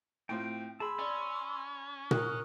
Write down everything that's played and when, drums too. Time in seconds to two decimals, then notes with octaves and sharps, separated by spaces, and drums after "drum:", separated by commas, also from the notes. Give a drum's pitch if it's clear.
0.29 A2 C4 F4 G5
0.80 G#4 A5 B5 C6 E6
0.99 C#4 D5
2.11 A#4 D#6 F#6, drum: tom A#2